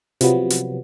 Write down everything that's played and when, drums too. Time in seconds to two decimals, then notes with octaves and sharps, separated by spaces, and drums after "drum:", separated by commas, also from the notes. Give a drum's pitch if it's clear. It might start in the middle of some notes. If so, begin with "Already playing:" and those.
0.21 C3 F3 F#3 B3, drum: hi-hat
0.50 drum: hi-hat